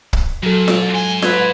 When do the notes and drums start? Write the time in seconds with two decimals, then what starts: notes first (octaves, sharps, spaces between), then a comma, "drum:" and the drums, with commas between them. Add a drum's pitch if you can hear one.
0.13 drum: kick
0.43 A#2 F#3 A4
0.68 drum: snare F4
0.94 G#2 G#5 C6
1.22 B4 G#6, drum: snare F4